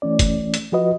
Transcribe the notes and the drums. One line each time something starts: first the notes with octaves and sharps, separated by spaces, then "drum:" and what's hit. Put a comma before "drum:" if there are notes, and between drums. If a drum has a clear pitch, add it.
E3 A3 C#4 D5
drum: kick F#1, hi-hat
drum: hi-hat
F3 F4 F#4 B4 D#5